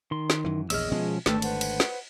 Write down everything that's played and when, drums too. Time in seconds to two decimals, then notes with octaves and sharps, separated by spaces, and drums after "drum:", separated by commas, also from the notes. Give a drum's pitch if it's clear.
0.11 D#3 C6
0.30 drum: snare
0.44 F#2 E3
0.70 A#1 E2 G#4 C#5 D#5 E5 E6 F6, drum: cymbal
0.91 B2 F3 G#3 B3 C#4
1.26 G#1 D3 A3 B4 G5 A5 E6, drum: snare
1.42 B4 C5 F#5, drum: cymbal
1.61 drum: cymbal
1.80 drum: snare